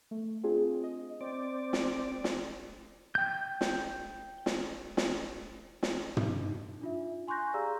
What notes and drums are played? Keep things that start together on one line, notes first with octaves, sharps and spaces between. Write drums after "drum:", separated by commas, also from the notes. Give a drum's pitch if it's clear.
A3
C4 D4 F4 G#4
D#5
C4 D5
drum: snare
drum: snare
G5 G6
drum: snare
drum: snare
drum: snare
drum: snare
drum: tom
D#4
D4 F4 E5
G#5 C6 C#6 F#6 G6 A#6
G4 G#4 D5 F5 A#5 E6